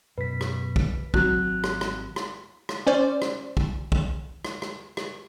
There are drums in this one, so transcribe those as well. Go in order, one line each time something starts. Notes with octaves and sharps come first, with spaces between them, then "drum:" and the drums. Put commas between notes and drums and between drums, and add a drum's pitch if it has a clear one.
F#2 B2 B4 B6
drum: rim click
drum: kick
G#1 F#3 C4 F#6, drum: kick
drum: rim click
drum: rim click
drum: rim click
drum: rim click
C#4 C5 D5
drum: rim click
drum: kick
drum: kick
drum: rim click
drum: rim click
drum: rim click